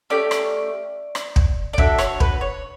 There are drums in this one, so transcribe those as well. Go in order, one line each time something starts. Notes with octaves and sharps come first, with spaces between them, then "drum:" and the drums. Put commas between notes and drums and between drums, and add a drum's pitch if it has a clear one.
A3 C#4 G4 D5
drum: rim click
drum: rim click
drum: kick
D5
D4 F#4 A4 E5, drum: kick
C#5, drum: rim click
B4, drum: kick
C#5